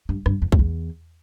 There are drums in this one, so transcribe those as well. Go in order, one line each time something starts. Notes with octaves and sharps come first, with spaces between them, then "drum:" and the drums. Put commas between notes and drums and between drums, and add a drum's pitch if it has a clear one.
G2
G2, drum: rim click
F2
F2, drum: kick
E2